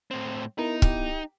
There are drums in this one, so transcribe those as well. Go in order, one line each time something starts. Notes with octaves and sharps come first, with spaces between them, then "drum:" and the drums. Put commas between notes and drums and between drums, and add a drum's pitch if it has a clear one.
A2 C4
B3 D#4 E4 A#4
G4, drum: kick